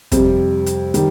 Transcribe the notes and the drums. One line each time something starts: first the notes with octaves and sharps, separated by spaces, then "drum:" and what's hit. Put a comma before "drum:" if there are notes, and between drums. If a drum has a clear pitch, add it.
F2 C3 G3, drum: kick, hi-hat
drum: hi-hat
D#3 G3, drum: hi-hat